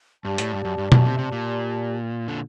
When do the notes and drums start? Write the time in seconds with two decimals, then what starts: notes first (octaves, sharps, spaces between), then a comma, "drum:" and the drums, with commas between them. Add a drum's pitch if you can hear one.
0.25 G2 G4 D5 A5
0.38 A2, drum: hi-hat
0.52 G2
0.65 F#2
0.78 G2
0.92 F#2, drum: tom B2
1.05 C3
1.19 C3
1.32 A#2
2.28 D3